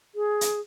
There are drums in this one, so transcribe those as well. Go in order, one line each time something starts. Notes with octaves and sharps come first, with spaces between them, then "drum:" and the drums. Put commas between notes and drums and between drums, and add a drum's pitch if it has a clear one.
G#4
drum: hi-hat